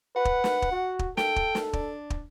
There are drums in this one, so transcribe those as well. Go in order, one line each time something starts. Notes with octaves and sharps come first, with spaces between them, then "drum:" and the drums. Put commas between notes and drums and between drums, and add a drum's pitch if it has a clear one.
B4 F#5
drum: kick
drum: snare
drum: kick
F#4
drum: kick
A4 G5, drum: snare
drum: kick
drum: snare
D4, drum: kick
drum: kick